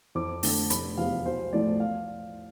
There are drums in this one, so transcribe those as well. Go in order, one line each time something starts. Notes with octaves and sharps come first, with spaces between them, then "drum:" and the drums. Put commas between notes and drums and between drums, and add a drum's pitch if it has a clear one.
F2 D6
D3 A3, drum: open hi-hat
F1 B5, drum: hi-hat
E2 C3 F3 B3 F5
B1 C5
A2 F3 A3 E4 D5
F5